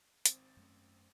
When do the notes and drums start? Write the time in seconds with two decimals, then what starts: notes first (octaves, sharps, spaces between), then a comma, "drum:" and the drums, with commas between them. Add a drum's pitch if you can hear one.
0.26 G#1 C4 A6, drum: hi-hat
0.57 F#2 A3 C#4